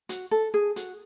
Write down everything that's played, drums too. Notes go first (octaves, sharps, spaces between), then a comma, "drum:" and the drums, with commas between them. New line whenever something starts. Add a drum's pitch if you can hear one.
F#4, drum: hi-hat
A4
G#4
F#4, drum: hi-hat